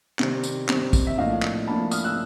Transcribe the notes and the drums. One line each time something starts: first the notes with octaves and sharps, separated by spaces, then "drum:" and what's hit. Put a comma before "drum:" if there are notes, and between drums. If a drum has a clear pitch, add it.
C3 D#3 G3 C4, drum: clap
drum: tambourine
C3 D#3 G3 C4, drum: clap
drum: kick, tambourine
E5
A2 F3 A#3 D4 D#5 F5
drum: clap
A2 F3 A#3 D4 A5 B5
D#6 F6, drum: tambourine
E6 F#6